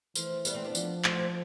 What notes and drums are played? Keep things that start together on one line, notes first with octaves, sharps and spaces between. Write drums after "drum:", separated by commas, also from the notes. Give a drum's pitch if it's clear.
E3 F3 A3, drum: tambourine
G3 B3, drum: tambourine
A3 C4
B3 D4
F3, drum: tambourine
A3 C4, drum: clap